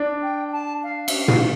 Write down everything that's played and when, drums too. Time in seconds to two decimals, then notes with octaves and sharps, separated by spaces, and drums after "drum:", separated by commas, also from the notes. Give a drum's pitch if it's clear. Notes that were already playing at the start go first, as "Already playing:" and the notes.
Already playing: D4
0.22 G5
0.52 A5
0.83 F5
1.08 E5, drum: cymbal
1.13 F5
1.28 drum: tom